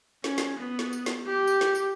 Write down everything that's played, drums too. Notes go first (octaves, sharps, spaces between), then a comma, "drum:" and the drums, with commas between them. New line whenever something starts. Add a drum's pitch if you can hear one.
C#4, drum: snare
drum: snare
B3
drum: snare
drum: tambourine
drum: snare
G4
drum: tambourine
drum: snare
drum: tambourine